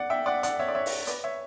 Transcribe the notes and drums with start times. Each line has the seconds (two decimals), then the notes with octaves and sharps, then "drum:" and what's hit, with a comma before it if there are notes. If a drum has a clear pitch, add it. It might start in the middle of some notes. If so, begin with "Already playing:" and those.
Already playing: D5 F#5
0.10 E5 G5
0.26 D5 F#5
0.43 D5 F#5, drum: hi-hat
0.59 C#5 E5
0.68 D5
0.75 C#5 E5
0.86 drum: open hi-hat
1.07 B4 D5, drum: hi-hat
1.24 C#5 E5